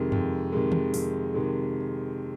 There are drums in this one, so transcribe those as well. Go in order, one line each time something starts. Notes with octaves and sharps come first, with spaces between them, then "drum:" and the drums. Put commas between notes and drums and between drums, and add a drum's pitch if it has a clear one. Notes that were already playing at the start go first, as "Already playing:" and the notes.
Already playing: F2 C3 D#3 G#3
F2, drum: tom F#2
C3 D#3 G#3
drum: tom D#3
F2, drum: open hi-hat
C3 D#3 G#3